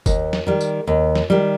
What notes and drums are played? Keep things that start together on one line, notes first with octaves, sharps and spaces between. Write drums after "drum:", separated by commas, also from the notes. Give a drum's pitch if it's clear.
D#2, drum: kick F#1, tambourine
drum: snare
D#3 G3
drum: tambourine
D#2
drum: snare
D#3 G3